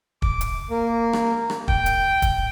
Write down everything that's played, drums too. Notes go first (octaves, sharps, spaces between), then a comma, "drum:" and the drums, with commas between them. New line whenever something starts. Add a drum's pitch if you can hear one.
D6, drum: kick
drum: hi-hat
A#3
drum: rim click
drum: rim click
G5, drum: kick
drum: hi-hat
drum: kick, hi-hat